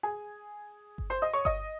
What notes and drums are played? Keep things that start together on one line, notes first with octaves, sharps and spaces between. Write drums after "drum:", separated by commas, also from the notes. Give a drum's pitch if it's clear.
G#4 G#5
drum: kick G1
C5 C6
D#5 D#6
C#5 C#6
D#5 D#6, drum: kick G1